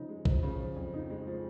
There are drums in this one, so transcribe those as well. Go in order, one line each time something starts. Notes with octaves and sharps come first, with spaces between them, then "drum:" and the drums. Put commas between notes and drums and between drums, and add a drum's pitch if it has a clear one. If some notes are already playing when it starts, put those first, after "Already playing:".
Already playing: C#3 F3 D#4
G#3
F3, drum: kick
C#3
F3
F2
D#4
G#3
F3